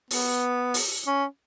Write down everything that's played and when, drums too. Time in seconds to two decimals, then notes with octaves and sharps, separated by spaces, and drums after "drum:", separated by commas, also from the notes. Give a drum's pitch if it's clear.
0.11 B3, drum: open hi-hat
0.74 drum: open hi-hat
1.07 C#4